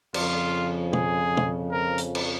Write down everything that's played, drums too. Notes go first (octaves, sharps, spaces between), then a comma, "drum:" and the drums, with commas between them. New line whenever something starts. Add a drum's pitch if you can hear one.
F2 C#3 F3 F4, drum: cymbal
G#4, drum: tom
drum: tom
A#4
drum: hi-hat
drum: cymbal